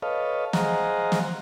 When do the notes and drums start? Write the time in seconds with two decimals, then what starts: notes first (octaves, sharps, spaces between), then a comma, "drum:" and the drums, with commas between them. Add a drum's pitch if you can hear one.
0.02 A4 B4 C#5 D#5 F5
0.53 G#4 C5 D#5 F5 F#5 A#5, drum: snare
1.12 drum: snare